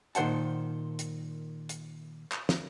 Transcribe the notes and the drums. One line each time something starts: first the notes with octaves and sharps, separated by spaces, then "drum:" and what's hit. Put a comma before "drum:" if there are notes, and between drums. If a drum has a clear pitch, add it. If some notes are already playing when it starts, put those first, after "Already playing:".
A#2 D#3 C5 F#5 A5, drum: hi-hat
drum: hi-hat
drum: hi-hat
drum: clap
drum: snare